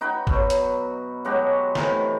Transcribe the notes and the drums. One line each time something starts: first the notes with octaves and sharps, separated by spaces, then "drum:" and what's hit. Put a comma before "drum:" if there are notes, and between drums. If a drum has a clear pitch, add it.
D#4 F#4 B4 G5
B2 F#3, drum: kick
drum: hi-hat
F#3 G#3 F#4 G4
A2 C3 D#3 E3, drum: snare